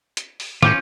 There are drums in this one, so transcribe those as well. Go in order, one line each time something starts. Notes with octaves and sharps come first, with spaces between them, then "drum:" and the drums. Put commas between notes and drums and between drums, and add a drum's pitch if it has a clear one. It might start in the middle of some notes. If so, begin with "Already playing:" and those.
drum: hi-hat
drum: open hi-hat
A2 C#4 F4 D6 G6, drum: snare